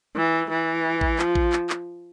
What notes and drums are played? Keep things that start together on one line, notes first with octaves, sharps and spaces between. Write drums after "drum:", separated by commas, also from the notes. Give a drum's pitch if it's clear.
E3
E3
drum: kick A1
F3, drum: clap
drum: kick A1
drum: clap
drum: clap